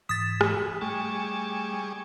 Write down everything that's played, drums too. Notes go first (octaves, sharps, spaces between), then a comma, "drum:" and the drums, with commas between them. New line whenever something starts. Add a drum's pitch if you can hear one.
G#2 E3 D#6 A6
drum: rim click
G3 A3 G#4 C#6